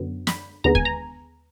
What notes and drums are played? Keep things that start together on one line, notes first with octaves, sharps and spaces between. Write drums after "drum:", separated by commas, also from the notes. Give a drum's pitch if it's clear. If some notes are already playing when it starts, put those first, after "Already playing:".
Already playing: F#2 D3 F#3 B3
B5, drum: snare
D#2 D3 G#3 B3 A#5
G#5, drum: kick
A#5